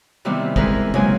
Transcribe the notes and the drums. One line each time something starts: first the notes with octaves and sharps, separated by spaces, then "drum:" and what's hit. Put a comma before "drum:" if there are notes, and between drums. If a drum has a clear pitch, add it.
C3 D#3 E3 G3 B3 C4
E3 G#3 C4 G#4 A#4 B4, drum: kick
C#3 F#3 G#3 A#3 C4 G#5, drum: tom